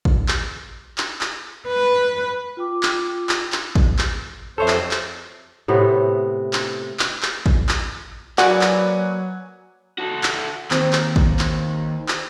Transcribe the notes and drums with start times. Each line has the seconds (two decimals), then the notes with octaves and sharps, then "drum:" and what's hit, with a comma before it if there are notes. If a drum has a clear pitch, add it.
0.05 drum: kick
0.28 drum: clap
0.98 drum: clap
1.21 drum: clap
1.68 B4
2.57 F4 G5 D6
2.83 drum: clap
3.29 drum: clap
3.52 drum: clap
3.75 drum: kick
3.99 drum: clap
4.58 F2 A4 C5 C#5 E5
4.68 drum: clap
4.91 drum: clap
5.68 A2 C3 A3 B3
6.53 drum: clap
6.99 drum: clap
7.23 drum: clap
7.46 drum: kick
7.69 drum: clap
8.38 F#3 A#3 F#4 B4 D5 F#5 G#5 F#6, drum: clap
8.61 drum: clap
9.99 F#4 A4
10.23 drum: clap
10.71 D#2 C4, drum: clap
10.93 drum: clap
11.16 drum: kick
11.39 drum: clap
12.08 drum: clap